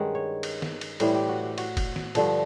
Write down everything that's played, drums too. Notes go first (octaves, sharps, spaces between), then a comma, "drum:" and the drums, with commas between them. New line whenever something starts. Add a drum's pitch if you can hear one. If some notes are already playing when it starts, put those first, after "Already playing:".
Already playing: G2 D#3 G#3 C#4 F#5
C#5
drum: cymbal
drum: snare
drum: cymbal
A2 E3 G3 C5, drum: cymbal
G4
F#4
G4
F#4, drum: cymbal
drum: kick, cymbal
drum: snare
G2 D3 F3, drum: cymbal